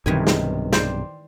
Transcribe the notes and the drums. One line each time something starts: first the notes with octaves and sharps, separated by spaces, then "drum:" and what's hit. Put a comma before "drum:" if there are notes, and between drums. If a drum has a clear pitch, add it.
B1 G2 C3 D#3 E3 G#5
drum: snare
C5 D5 G5, drum: snare